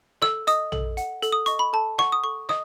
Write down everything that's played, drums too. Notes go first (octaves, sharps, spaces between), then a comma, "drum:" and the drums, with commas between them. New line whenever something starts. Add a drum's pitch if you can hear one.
A4 E6, drum: rim click
D#5 D#6, drum: hi-hat
A4, drum: tom
F#5, drum: hi-hat
A4, drum: hi-hat
D#6
D#5 C#6, drum: hi-hat
B5
A4 A5
F#5 C#6, drum: rim click
D#6
A4 C#6
D#5 D#6, drum: rim click